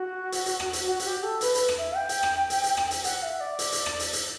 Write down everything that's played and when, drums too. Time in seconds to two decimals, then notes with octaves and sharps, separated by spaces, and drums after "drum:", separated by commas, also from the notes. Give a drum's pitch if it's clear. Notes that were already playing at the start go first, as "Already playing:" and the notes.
Already playing: F#4
0.32 drum: hi-hat
0.46 drum: hi-hat
0.60 drum: rim click
0.73 drum: hi-hat
0.86 F#4
1.00 F#4, drum: hi-hat
1.05 G4
1.23 A4
1.41 B4, drum: hi-hat
1.55 drum: hi-hat
1.68 drum: rim click
1.78 E5
1.95 G5
2.09 drum: hi-hat
2.23 drum: rim click
2.50 drum: hi-hat
2.64 drum: hi-hat
2.77 drum: rim click
2.91 drum: hi-hat
3.04 F#5, drum: hi-hat
3.23 E5
3.40 D5
3.59 drum: hi-hat
3.72 drum: hi-hat
3.86 drum: rim click
3.99 drum: hi-hat
4.13 drum: hi-hat